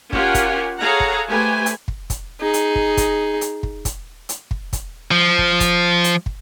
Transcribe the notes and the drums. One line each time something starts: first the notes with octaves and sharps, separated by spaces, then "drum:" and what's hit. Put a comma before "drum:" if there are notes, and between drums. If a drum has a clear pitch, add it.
C#4 F4 G4 A#4 F#5 G#5, drum: kick
drum: kick, hi-hat
G#4 A4 C#5 F5 F#5 A#5
drum: kick
A3 G4 B4 C5 G#5
drum: hi-hat
drum: kick
drum: kick, hi-hat
D#4 G#4
drum: hi-hat
drum: kick
drum: kick, hi-hat
drum: hi-hat
drum: kick
drum: kick, hi-hat
drum: hi-hat
drum: kick
drum: kick, hi-hat
F3
drum: kick
drum: kick, hi-hat
drum: hi-hat
drum: kick